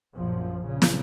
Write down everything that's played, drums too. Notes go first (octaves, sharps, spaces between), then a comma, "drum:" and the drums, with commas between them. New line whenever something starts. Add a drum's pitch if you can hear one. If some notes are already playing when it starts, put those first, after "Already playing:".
A#1 F#2 F3
A#2 C#3
drum: snare